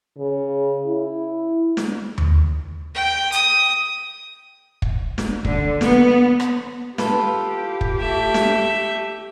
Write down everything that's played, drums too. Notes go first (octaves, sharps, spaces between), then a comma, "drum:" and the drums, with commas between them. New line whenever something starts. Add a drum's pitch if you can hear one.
C#3
E4
drum: snare
drum: tom D#2
G5
D#6, drum: hi-hat
drum: kick
drum: snare
D3, drum: kick
B3, drum: snare
drum: rim click
F4 G4 A4 B4, drum: snare
drum: kick
A3 E5
drum: snare